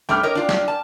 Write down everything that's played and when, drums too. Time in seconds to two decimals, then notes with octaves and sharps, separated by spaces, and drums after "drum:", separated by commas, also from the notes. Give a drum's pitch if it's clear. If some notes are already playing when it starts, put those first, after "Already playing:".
0.09 G3 A3 D4 G5 D6 F6
0.23 A#4 C#5 D#5
0.35 D4 F4 D5
0.49 drum: snare
0.68 A5